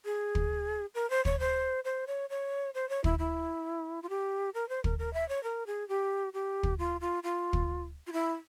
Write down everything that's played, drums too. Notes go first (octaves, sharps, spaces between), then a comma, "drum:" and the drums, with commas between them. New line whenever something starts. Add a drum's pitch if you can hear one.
G#4
drum: kick
A#4
C5
C#5, drum: kick
C5
C5
C#5
C#5
C5
C#5
E4, drum: kick
E4
F4
G4
A#4
C5
A#4, drum: kick
A#4
E5
C#5
A#4
G#4
G4
G4
drum: kick
F4
F4
F4
drum: kick
F4
E4